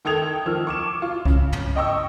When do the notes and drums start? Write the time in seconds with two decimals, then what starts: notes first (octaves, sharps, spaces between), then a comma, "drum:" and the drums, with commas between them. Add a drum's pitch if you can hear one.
0.05 D#3 A4 G5 D#6 G#6 F7
0.46 D#3 F3 E6 F6
0.67 C#6 D6 E7
1.02 F4
1.25 C#3, drum: kick C2
1.52 drum: tom
1.76 D#5 G5 C#6 E6